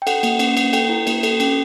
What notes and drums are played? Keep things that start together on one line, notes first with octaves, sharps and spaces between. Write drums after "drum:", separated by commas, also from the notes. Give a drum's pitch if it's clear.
G5
A4 F#5, drum: cymbal
A#3, drum: cymbal
C#4, drum: cymbal
A#3, drum: cymbal
A4 G5, drum: cymbal
E4
A#3, drum: cymbal
A4, drum: cymbal
C#4 G5, drum: cymbal